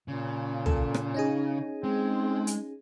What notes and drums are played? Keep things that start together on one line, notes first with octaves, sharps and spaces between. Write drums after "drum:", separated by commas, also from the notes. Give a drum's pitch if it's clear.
A#2 C#3
A4, drum: tom B1
drum: rim click
C#4 D#4 G#4
G#3 C4
drum: hi-hat